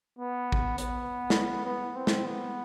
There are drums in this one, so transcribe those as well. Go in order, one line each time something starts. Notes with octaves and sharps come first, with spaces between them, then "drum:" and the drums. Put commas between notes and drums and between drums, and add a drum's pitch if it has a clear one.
B3
drum: kick A1
B3, drum: hi-hat
drum: snare
B3
C4
drum: snare
B3